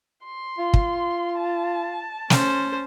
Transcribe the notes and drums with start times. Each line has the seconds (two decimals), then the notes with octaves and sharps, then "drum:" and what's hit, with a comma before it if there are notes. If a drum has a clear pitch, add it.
0.25 C6
0.59 F4
0.74 drum: kick
1.39 A5
2.30 C#4 C5, drum: snare